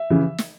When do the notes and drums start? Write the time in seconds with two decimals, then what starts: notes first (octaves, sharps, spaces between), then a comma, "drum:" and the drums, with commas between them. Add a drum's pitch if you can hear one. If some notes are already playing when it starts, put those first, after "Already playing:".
Already playing: E5
0.10 C#3 E3
0.38 drum: snare